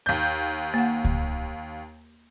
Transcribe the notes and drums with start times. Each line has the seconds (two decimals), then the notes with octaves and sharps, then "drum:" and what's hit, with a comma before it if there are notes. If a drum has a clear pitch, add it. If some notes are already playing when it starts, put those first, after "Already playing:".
0.06 D#2 G6
0.74 A#3 F#5
1.05 drum: kick C#2